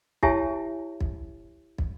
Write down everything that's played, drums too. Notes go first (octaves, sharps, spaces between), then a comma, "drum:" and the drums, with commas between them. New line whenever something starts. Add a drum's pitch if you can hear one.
E4 G4 C#5 E5 G#5 A5, drum: kick
drum: kick
drum: kick